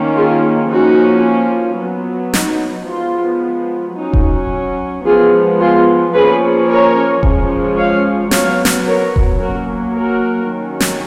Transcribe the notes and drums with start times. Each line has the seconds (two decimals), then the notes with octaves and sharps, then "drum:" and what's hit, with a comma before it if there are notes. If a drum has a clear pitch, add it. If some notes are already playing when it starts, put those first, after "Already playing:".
Already playing: D#3 A#3 C#4
0.16 F4 G#4
0.70 F3 A#3 C#4 D#4 F#4
1.79 F#3 B3
2.34 D#4 F#4, drum: snare
2.88 F3 G#3 B3 F4
3.96 F#3 C#4 D#4
4.13 drum: kick E1
5.05 F3 G#3 B3 F4 G#4
5.60 F4 G#4
6.14 F3 A#3 C#4 G#4 B4
6.68 A#4 C#5
7.23 F3 G#3 C#4, drum: kick E1
7.77 C#5 F5
8.31 F#3 B3 C#5 F5, drum: snare
8.65 drum: snare
8.87 A#4 C#5
9.16 drum: kick E1
9.41 F#3 A#3 C#4 F#4 A#4
9.95 F#4 A#4
10.49 D#3 F#3 C#4
10.80 drum: snare